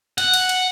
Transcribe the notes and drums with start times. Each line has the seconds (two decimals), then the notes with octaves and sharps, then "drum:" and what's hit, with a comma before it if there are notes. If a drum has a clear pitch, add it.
0.18 F#5, drum: cymbal
0.34 drum: cymbal
0.49 drum: cymbal